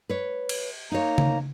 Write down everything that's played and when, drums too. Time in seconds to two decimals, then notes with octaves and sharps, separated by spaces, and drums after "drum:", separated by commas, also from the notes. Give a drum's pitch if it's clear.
0.10 B4 C#5
0.49 drum: cymbal
0.92 A#3 D#4 C#5 A#5
1.18 drum: tom C#3